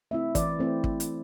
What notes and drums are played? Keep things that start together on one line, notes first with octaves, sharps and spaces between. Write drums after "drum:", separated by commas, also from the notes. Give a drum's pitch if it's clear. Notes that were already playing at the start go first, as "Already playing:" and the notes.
A3 C4 E4 E5
E3 D5, drum: kick, hi-hat
A3 C4 E4 C5
drum: kick
drum: hi-hat